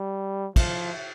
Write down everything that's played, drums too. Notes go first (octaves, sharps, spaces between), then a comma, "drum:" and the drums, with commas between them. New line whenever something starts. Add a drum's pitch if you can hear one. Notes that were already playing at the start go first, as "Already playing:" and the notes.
Already playing: G3
F3, drum: kick, cymbal